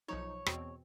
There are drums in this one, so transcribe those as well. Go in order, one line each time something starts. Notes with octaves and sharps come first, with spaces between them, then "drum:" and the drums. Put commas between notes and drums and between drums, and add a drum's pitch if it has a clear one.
B1 F3 D#4 C#5
E2 B2 C4, drum: rim click